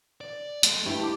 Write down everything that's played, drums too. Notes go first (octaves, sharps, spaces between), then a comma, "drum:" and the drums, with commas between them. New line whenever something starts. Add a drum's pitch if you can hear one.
D5
A3 D#5, drum: hi-hat
G2 E4 G4
A5 D6